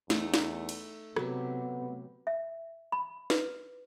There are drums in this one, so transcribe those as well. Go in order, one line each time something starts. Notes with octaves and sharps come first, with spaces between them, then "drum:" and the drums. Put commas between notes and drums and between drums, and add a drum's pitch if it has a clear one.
E2 A3 D#4, drum: snare
drum: snare
drum: cymbal
C3 F#3 B3 G4, drum: rim click
E5
B5
B4, drum: snare